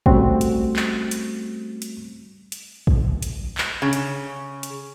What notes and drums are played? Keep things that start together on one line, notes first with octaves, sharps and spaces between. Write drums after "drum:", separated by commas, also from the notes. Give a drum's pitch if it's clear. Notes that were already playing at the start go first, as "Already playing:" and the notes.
G3 A3 C4 C#4 F#4, drum: kick
drum: hi-hat
drum: clap
drum: hi-hat
drum: hi-hat
drum: hi-hat
drum: kick
drum: hi-hat
drum: clap
C#3
drum: hi-hat
drum: hi-hat